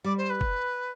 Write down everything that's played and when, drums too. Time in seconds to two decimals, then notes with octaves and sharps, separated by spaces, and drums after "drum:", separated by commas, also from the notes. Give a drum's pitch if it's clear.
0.04 G3 D5
0.17 C5
0.29 B4
0.41 drum: kick F#1